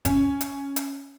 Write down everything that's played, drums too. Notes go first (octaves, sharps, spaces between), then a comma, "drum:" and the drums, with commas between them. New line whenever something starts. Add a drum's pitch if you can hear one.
C#4, drum: kick G1, hi-hat
drum: hi-hat
drum: hi-hat